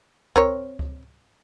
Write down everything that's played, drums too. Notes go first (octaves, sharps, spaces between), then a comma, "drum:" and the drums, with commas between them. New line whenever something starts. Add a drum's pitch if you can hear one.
C4 A#4 C#5, drum: kick C#2
drum: kick C#2